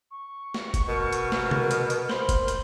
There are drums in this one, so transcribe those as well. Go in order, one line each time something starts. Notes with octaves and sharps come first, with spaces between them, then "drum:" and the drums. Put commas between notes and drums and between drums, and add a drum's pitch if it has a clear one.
C#6
drum: snare
drum: kick F1, hi-hat
B2 A#4
drum: hi-hat
drum: snare
drum: tom C3
drum: hi-hat
drum: hi-hat
C5 B5 C6, drum: snare
drum: kick F1, hi-hat
drum: hi-hat